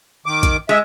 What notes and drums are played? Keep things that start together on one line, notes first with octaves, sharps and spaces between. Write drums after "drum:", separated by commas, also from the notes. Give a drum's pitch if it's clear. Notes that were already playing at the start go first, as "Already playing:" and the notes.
D#3 D6
drum: kick A#1, hi-hat
G#3 E5